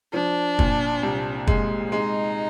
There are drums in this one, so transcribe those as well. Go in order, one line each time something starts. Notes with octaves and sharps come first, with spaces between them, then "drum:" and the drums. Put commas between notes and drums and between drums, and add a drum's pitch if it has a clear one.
F3 D4
A#2, drum: kick
C2
G#3, drum: kick
G#3 D#4